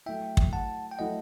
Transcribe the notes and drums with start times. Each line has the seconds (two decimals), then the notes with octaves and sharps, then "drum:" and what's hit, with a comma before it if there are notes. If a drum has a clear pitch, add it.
0.06 F#3 A3 E4 E5 G5
0.37 drum: kick
0.53 F#5 A5
0.91 G5
0.99 F#3 A3 E4 D#5 F#5